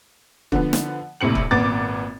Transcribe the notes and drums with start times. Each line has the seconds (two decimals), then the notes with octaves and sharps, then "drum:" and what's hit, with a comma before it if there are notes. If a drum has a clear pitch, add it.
0.52 D3 F3 B3, drum: kick
0.73 drum: snare
1.21 A#1 A2 C3 C#7 F#7
1.35 drum: kick
1.51 G#1 A#2 B3 D6 A6